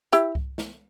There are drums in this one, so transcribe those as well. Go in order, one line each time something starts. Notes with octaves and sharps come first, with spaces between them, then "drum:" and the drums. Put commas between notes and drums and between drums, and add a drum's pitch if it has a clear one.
E4 G4, drum: hi-hat
drum: kick C2
drum: snare